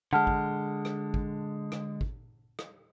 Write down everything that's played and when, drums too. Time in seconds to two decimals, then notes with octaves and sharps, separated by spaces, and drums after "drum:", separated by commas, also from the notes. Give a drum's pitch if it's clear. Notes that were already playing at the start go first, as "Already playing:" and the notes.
0.13 D3 G#3 F#5 A5 F6
0.27 drum: kick
0.85 drum: rim click
1.14 drum: kick
1.72 drum: rim click
2.01 drum: kick
2.59 drum: rim click